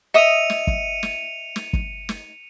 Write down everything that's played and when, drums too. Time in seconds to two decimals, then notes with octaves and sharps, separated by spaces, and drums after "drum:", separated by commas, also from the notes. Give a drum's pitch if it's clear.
0.14 D#5 E5 D#6 C#7 D#7 F7
0.50 drum: snare
0.67 drum: kick G1
1.03 drum: snare
1.56 drum: snare
1.73 drum: kick G1
2.09 drum: snare